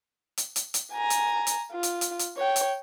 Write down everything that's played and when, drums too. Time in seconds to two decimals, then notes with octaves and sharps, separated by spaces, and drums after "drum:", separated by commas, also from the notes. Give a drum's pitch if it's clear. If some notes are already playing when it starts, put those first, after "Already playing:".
0.38 drum: hi-hat
0.56 drum: hi-hat
0.74 drum: hi-hat
0.93 G#5 A#5
1.10 drum: hi-hat
1.47 drum: hi-hat
1.71 F4
1.83 drum: hi-hat
2.01 drum: hi-hat
2.19 drum: hi-hat
2.38 C#5 G5
2.56 drum: hi-hat